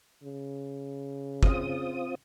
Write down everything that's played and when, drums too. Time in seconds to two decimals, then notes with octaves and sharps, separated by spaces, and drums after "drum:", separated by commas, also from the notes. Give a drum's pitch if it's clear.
0.23 C#3
1.43 C4 F4 D#6, drum: kick